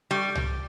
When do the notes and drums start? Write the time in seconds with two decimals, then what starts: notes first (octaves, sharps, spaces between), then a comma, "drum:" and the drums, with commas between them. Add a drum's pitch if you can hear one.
0.11 G3
0.35 drum: tom